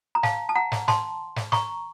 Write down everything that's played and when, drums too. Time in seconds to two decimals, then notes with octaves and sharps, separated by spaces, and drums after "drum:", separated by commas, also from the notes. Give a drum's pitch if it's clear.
0.15 A#5
0.23 F5 A5, drum: snare
0.49 A5
0.55 F#5 A#5
0.72 drum: snare
0.88 A5 C6, drum: snare
1.36 drum: snare
1.52 A#5 C#6, drum: snare